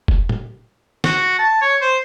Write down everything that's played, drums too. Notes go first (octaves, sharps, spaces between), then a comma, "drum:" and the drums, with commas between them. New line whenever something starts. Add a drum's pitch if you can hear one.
drum: kick F1
drum: tom A#2
F#4, drum: snare
A5
C#5
C5